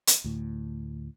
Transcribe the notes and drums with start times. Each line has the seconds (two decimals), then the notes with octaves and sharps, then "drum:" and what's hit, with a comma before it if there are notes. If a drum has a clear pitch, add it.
0.07 drum: hi-hat
0.24 D2 A2